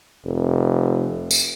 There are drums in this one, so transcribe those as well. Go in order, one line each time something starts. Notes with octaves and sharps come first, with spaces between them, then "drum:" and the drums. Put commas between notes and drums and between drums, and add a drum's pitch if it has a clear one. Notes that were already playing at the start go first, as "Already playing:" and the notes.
F1
drum: tambourine